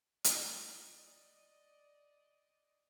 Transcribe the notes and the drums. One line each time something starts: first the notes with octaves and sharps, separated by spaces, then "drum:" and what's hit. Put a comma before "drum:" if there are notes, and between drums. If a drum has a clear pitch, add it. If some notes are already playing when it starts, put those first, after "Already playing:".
D5 D#5, drum: hi-hat